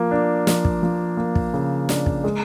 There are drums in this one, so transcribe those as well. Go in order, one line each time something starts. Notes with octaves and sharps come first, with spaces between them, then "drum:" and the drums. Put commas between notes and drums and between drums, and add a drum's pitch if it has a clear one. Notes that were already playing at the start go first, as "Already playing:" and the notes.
Already playing: F3 A#3
D4
F3, drum: snare
drum: kick
F3
A#3
drum: kick
C#3
D4, drum: snare
drum: kick
G#3